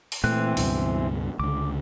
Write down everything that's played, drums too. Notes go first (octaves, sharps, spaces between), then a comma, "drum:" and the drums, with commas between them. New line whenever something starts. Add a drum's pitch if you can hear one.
drum: open hi-hat
A#2 E3 A3 C4 F#6
C#2 G2 B2, drum: open hi-hat
C#2 D3 D6